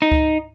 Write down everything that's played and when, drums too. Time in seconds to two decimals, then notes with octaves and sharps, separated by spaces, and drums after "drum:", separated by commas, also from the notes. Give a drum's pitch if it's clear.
0.02 D#4
0.12 drum: kick C#2